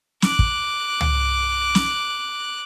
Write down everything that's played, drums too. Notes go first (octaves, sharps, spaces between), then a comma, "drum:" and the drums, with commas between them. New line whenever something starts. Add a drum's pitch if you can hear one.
D6 F#6, drum: snare
drum: kick
drum: tom
drum: snare